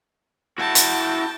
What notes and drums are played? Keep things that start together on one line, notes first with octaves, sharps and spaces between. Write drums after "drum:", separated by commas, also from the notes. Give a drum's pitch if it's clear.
E4 F#4 G5 A5
drum: hi-hat